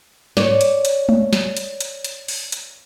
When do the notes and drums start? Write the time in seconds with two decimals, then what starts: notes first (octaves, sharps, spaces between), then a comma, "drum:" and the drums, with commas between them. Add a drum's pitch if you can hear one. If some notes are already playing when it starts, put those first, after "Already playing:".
0.37 C#5 D5, drum: snare
0.61 drum: hi-hat
0.85 drum: hi-hat
1.09 drum: tom G#3
1.33 drum: snare
1.57 drum: hi-hat
1.81 drum: hi-hat
2.04 drum: hi-hat
2.28 drum: open hi-hat
2.52 drum: hi-hat